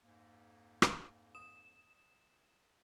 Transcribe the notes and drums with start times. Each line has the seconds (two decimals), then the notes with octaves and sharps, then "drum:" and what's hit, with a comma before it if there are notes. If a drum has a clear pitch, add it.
0.04 F2 G#2 A#3
0.82 drum: rim click
1.35 D#6 E7